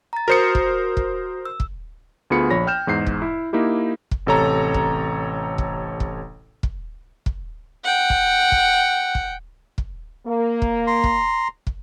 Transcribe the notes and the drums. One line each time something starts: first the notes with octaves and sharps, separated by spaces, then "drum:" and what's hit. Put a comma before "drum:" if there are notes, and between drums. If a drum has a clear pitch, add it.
A#5 A6
F#4 A#4 C5 D#6 C#7
drum: kick
drum: kick
E6
drum: kick
D2 B3 F4 G#4 B5 C#7
A#1 F3 C#5 B5 A#6
G5 F6 G6 E7
E2 G#2 G6 C7
drum: kick
E4
A#3 D#4 E4 G4
drum: kick
A1 C3 A4 C#5 A#5
drum: kick
drum: kick
drum: kick
drum: kick
drum: kick
F#5 G5
drum: kick
drum: kick
drum: kick
drum: kick
A#3
drum: kick
A#5 C6
drum: kick
drum: kick